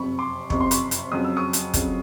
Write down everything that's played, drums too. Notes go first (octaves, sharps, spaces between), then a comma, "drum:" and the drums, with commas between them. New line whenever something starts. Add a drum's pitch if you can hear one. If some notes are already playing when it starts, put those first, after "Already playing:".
Already playing: F#1 F2 C3 B5 C#6
C6 D6
F#1 F2 C3 C#6, drum: kick
C6
B5 C#6, drum: hi-hat
drum: hi-hat
F2 C#3 F#3 D#6
E6
C#6 D#6
drum: hi-hat
F2 C#3 F#3, drum: kick, hi-hat